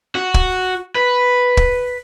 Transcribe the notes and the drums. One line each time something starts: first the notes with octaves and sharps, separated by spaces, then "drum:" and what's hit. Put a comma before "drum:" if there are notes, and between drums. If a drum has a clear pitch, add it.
F#4
drum: kick
B4
drum: kick